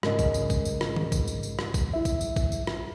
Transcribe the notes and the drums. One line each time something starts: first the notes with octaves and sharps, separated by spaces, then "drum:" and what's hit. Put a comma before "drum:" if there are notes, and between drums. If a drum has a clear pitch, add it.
G#2 C#3 A#4 D#5, drum: rim click
drum: kick A#1, tambourine
drum: tambourine
drum: kick A#1, tambourine
drum: tambourine
drum: rim click
drum: tom D#3
drum: kick A#1, tambourine
drum: tambourine
drum: tambourine
drum: rim click
drum: kick A#1, tambourine
E4 E5
drum: kick A#1, tambourine
drum: tambourine
drum: kick A#1, tambourine
drum: tambourine
drum: rim click